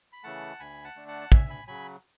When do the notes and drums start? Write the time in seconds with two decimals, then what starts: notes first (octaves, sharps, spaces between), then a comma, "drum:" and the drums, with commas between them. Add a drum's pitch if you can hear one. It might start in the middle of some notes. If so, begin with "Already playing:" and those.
0.13 B5
0.24 C#3 E3 A3 F#5 A5
0.60 D2 G#5 B5
0.84 F#5 A5
0.96 D3 A3 D4
1.08 F#5 A5
1.21 A5
1.32 D2 E5 G#5, drum: kick
1.50 G#5 B5
1.67 C#3 F#3 G#5 B5